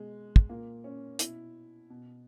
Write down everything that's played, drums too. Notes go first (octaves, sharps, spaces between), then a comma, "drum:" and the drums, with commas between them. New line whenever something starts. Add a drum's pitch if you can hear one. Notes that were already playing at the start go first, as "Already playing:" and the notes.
Already playing: B2 G#3
drum: kick
A#2 A#3
C#4
B2 E4, drum: hi-hat
B2